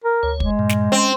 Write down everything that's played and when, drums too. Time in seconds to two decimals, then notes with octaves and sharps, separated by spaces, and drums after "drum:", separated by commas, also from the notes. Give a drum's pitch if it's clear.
0.04 A#4
0.23 D2 C#5
0.40 G#3, drum: kick
0.59 G2 A#2
0.69 drum: snare
0.92 C4 C#4